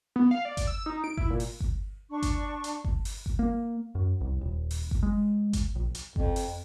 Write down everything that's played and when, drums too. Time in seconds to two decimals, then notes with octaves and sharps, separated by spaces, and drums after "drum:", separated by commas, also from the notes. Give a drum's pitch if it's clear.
0.16 B3
0.31 F5
0.45 D5
0.57 drum: kick G1, hi-hat
0.67 E6
0.86 D#4
1.04 D7
1.17 E4, drum: kick G1
1.30 A#2
1.40 drum: open hi-hat
1.60 drum: kick G1
2.09 D4 C#6
2.22 drum: kick G1, hi-hat
2.64 drum: hi-hat
2.85 drum: kick G1
3.05 drum: open hi-hat
3.26 drum: kick G1
3.39 A#3
3.95 F#2
4.21 C2
4.41 D#1
4.71 drum: open hi-hat
4.91 drum: kick G1
5.03 G#3
5.53 drum: kick G1, hi-hat
5.75 A#1
5.95 drum: hi-hat
6.16 F2, drum: kick G1
6.36 drum: open hi-hat